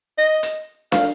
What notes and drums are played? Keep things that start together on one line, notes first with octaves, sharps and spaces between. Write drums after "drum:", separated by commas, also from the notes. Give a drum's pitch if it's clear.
D#5
drum: hi-hat
F5, drum: snare